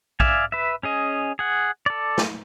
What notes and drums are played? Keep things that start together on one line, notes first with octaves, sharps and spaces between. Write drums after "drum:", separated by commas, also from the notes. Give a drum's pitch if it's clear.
D5 E5 F5 G#5, drum: kick A#1
B4 E5
C#4 G#4 D#5
G#4 F#5
A4 D5
drum: snare